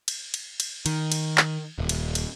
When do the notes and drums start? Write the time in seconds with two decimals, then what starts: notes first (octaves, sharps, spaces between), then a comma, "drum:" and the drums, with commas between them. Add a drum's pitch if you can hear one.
0.08 drum: cymbal
0.34 drum: cymbal
0.60 drum: cymbal
0.86 D#3, drum: cymbal
1.12 drum: cymbal
1.37 drum: clap
1.78 D#1
1.89 drum: cymbal
2.15 drum: cymbal